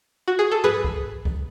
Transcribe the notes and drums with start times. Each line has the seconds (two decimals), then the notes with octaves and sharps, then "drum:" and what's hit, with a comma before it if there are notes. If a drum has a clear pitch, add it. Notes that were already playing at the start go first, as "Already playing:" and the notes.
0.28 F#4
0.39 G#4
0.51 A4
0.64 G#4 B4, drum: tom
0.84 drum: kick C2
1.25 drum: kick C2